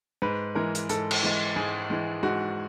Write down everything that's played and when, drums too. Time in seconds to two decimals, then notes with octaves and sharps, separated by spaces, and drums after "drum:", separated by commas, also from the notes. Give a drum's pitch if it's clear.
0.22 G#2 B4
0.55 E3 G#3 A#4
0.75 drum: hi-hat
0.89 G#2 A4, drum: hi-hat
1.11 drum: cymbal
1.23 E3 G#3
1.56 G#2 G#4
1.90 E3 G#3
2.23 G#2 F#4